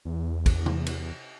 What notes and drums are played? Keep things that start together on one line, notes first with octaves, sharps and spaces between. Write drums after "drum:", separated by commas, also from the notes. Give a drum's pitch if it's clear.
E2
drum: kick, cymbal
drum: tom C3
drum: cymbal